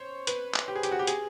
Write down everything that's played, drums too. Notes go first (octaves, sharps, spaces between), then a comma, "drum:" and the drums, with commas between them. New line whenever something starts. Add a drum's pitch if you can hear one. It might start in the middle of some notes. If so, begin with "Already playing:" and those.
Already playing: C5 C#5
B4, drum: hi-hat
drum: clap
G4
G#4
G4, drum: hi-hat
F#4
G4
G#4, drum: hi-hat